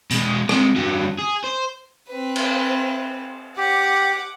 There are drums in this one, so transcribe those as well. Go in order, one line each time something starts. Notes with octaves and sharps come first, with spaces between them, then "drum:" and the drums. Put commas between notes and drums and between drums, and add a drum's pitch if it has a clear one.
B2 G#3, drum: hi-hat
C3 G#3, drum: rim click
G2 F#3
G#4
C5
C4 B4
drum: cymbal
G4 F#5 D6